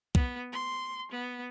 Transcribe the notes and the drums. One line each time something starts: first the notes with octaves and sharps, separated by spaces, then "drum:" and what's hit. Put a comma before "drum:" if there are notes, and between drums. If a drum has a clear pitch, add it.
B3, drum: kick
C6
B3